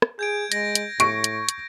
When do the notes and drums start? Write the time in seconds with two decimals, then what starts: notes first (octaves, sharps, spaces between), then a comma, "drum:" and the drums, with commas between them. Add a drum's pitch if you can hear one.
0.02 drum: rim click
0.19 G#4 G6 G#6 D7
0.52 G#3 A#6, drum: hi-hat
0.75 drum: hi-hat
1.00 A2 C#6 D7, drum: hi-hat
1.24 drum: hi-hat
1.49 drum: hi-hat